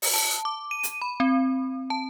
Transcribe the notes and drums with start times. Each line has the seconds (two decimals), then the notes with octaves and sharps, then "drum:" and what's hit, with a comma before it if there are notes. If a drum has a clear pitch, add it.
0.02 drum: open hi-hat
0.14 A5
0.45 D6
0.71 D#7
0.83 drum: hi-hat
1.02 B5
1.20 C4
1.90 A5